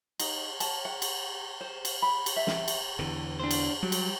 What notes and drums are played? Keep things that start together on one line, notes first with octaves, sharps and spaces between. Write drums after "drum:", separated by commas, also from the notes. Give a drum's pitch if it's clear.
D#4, drum: cymbal
A5, drum: cymbal
F#5
drum: cymbal
C5
drum: cymbal
B5
drum: cymbal
E5
drum: snare
drum: cymbal
E2 D3 E3
D4 C5
drum: cymbal
F#3 G3
drum: cymbal